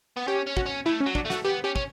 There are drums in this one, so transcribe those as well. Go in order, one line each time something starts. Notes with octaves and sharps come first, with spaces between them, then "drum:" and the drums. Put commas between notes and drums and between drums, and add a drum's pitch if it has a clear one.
B3
C#4 G4
C#4
F#4, drum: kick
C#4
A3 E4
C#4
F#3
D4, drum: kick
A3
F#4, drum: snare
B3 G4
C#4 G4
C#4, drum: kick